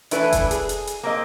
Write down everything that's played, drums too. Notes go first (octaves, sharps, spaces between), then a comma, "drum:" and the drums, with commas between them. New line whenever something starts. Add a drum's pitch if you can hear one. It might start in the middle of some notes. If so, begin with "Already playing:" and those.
E3 A3 D4 E4 A4 B4, drum: hi-hat
drum: kick F1, hi-hat
G#4, drum: hi-hat
drum: hi-hat
drum: hi-hat
A#3 C4 D#5